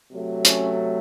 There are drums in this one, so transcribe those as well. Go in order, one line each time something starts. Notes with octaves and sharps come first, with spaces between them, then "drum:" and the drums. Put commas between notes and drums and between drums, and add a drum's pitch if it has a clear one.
C3 F#3 A3
C#4, drum: hi-hat